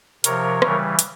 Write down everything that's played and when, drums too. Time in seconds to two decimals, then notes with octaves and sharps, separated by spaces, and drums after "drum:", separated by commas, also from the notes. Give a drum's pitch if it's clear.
0.24 C3 F3 A#4 C#5, drum: hi-hat
0.62 C#3 E3 G3, drum: rim click
0.99 drum: hi-hat